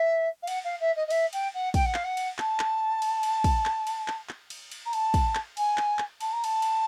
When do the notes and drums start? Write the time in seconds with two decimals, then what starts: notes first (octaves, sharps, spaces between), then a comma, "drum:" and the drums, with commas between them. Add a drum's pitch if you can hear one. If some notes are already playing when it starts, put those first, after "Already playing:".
Already playing: E5
0.42 F5
0.47 F#5, drum: cymbal
0.64 F5
0.80 E5
0.96 D#5
1.07 D#5
1.10 E5, drum: cymbal
1.33 G5, drum: cymbal
1.54 F#5
1.74 G5, drum: kick, cymbal
1.85 F#5
1.94 F5, drum: clap
2.04 F#5
2.17 drum: cymbal
2.38 A5, drum: clap
2.59 drum: clap
3.02 drum: cymbal
3.23 drum: cymbal
3.44 drum: kick, cymbal
3.66 drum: clap
3.87 drum: cymbal
4.08 drum: clap
4.29 drum: clap
4.50 drum: cymbal
4.72 drum: cymbal
4.85 A#5
4.93 A5, drum: cymbal
5.14 drum: kick, cymbal
5.35 drum: clap
5.57 G#5, drum: cymbal
5.78 drum: clap
5.99 drum: clap
6.21 A5, drum: cymbal
6.32 A#5
6.44 A5, drum: cymbal
6.62 drum: cymbal